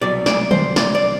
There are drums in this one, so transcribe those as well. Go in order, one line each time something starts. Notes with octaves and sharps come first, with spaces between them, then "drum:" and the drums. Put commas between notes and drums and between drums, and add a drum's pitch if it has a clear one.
C2 B2 F#3 D5
D5, drum: snare
C5, drum: tom
D5, drum: snare
D5